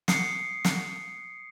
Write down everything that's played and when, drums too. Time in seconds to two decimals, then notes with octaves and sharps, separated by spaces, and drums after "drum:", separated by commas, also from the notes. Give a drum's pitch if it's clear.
0.08 D#6 C7 C#7, drum: snare
0.65 drum: snare